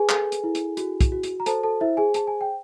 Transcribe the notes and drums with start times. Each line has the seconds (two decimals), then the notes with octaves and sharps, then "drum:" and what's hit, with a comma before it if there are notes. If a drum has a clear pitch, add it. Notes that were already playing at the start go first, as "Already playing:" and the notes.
Already playing: G#4 B4 G#5
0.09 A4, drum: clap
0.32 drum: hi-hat
0.44 E4
0.55 drum: hi-hat
0.77 F#4, drum: hi-hat
1.01 drum: kick, hi-hat
1.12 F#4
1.23 drum: hi-hat
1.40 A#5
1.46 A4 C5 A5, drum: hi-hat
1.63 A4 A5
1.80 E4 C5 E5
1.97 G#4 G#5
2.14 G#4 A5, drum: hi-hat
2.27 G#5
2.41 G5